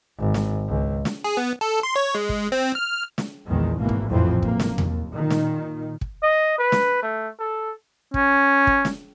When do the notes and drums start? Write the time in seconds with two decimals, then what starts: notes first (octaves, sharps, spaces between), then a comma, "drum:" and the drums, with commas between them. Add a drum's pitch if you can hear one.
0.19 G#1
0.34 drum: snare
0.69 C#2
1.05 drum: snare
1.24 G#4
1.37 B3
1.61 A4
1.83 C6
1.96 C#5
2.15 G#3
2.29 drum: kick
2.52 C4
2.75 F6
3.18 drum: snare
3.46 A#1 E2 D#3 G#3
3.78 G#1 B2 E3 A#3
3.89 drum: kick
4.09 A#1 F2 A2 E3 C4
4.42 F#1 A#3, drum: kick
4.60 drum: snare
4.78 D#2, drum: tom E2
5.15 A#2 D#3
5.30 drum: snare
6.01 drum: kick
6.23 D#5
6.59 B4
6.72 drum: snare
7.03 A3
7.40 A4
8.14 C#4, drum: kick
8.67 drum: kick
8.85 drum: snare